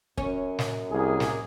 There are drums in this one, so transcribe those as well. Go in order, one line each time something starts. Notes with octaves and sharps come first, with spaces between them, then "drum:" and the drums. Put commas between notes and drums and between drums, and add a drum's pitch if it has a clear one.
F#2 C#4, drum: kick
drum: snare
C2 A#3 G#4
drum: snare